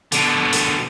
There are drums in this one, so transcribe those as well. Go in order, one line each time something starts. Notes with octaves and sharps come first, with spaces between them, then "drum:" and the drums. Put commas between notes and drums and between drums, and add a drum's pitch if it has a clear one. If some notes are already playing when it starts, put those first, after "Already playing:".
B2 D3, drum: hi-hat
drum: hi-hat